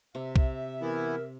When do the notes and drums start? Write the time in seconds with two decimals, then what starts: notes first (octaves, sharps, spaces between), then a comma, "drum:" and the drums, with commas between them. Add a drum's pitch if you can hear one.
0.15 C3 E5
0.36 drum: kick B1
0.81 E3 B3 E4 A#4